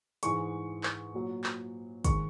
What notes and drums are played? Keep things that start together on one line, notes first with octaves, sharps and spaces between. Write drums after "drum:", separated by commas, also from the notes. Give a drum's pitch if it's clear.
G#2 E3 G#3 C#6, drum: hi-hat
drum: clap
A#2 F#3
drum: clap
G#2 D#3 G#3 C#6, drum: kick, hi-hat